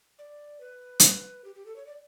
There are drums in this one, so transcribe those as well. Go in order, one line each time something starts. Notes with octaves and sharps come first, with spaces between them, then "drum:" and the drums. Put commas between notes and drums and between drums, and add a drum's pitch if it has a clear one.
D5
B4
drum: hi-hat
G4
G4
A4
C#5
D5